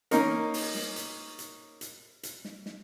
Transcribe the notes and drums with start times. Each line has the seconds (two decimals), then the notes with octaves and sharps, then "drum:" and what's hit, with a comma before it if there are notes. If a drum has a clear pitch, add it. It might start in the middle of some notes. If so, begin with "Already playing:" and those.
0.11 A#3 C#4 D#4 A#4, drum: hi-hat
0.54 drum: open hi-hat
0.75 drum: snare
0.96 drum: hi-hat
1.39 drum: hi-hat
1.81 drum: hi-hat
2.23 drum: hi-hat
2.45 drum: snare
2.66 drum: snare